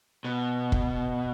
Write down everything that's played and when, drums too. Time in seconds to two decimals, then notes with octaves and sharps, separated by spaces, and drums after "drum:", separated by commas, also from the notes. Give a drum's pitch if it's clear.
0.24 B2
0.72 drum: kick